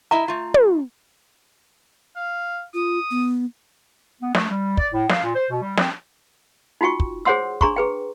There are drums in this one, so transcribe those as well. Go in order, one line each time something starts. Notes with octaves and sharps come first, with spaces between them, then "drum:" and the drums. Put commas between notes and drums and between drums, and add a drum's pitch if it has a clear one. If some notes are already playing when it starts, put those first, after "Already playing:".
E4 D#5 E5 A#5
A3 F4
drum: tom
F5
F4 D#6
B3
B3
A3, drum: snare
G3
D5, drum: kick
A2
F5, drum: snare
A#2
C5
B2
G3
C4, drum: snare
D#4 F4 F#4 G5 C#6
drum: kick
G#4 C5 C#5 F#5 C6 E6
D4 G#4 A#5 C6 C#6, drum: kick
G#4 B4 G5